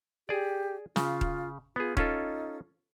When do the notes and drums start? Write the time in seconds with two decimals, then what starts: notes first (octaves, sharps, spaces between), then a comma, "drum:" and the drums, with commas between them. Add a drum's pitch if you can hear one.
0.29 G4 G#4 D5
0.96 C#3 F4, drum: snare
1.21 drum: kick D#1
1.76 B3 F4 G#4
1.97 C#4 D#4 F4 A4, drum: kick D#1